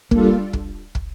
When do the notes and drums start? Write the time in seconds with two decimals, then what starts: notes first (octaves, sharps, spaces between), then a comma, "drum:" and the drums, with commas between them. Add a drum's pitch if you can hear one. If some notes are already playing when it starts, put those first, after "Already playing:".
0.11 G3 A#3 D4 F4 A4, drum: kick
0.53 drum: kick
0.95 drum: kick